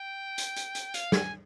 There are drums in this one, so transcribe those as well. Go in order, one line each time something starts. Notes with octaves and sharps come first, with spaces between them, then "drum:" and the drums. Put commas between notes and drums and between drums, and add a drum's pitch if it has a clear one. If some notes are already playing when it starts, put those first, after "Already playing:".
Already playing: G5
drum: hi-hat
drum: hi-hat
drum: hi-hat
F5, drum: hi-hat
G#5, drum: snare